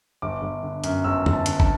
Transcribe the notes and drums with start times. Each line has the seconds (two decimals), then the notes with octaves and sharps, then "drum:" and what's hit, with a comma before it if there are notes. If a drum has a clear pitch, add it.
0.22 G1 D6
0.42 G1
0.63 D3
0.84 F#2, drum: hi-hat
1.04 G1 E6
1.26 G1, drum: tom
1.33 A5
1.46 D3, drum: hi-hat
1.60 A5, drum: kick